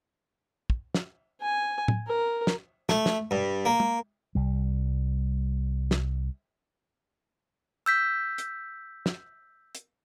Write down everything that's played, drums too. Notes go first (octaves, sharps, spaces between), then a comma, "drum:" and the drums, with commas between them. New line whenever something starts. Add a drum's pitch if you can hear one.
drum: kick
drum: snare
G#5
drum: tom A2
A#4
drum: snare
A3, drum: snare
drum: snare
G2
A#3
drum: tom
C2 G3
drum: snare
E6 G6 B6
drum: hi-hat
drum: snare
drum: hi-hat